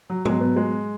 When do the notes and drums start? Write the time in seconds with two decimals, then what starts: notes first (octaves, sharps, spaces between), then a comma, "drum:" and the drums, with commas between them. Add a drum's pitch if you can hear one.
0.10 F#3
0.25 B2 F#3 G#3, drum: tom G#2
0.41 B3
0.56 G#3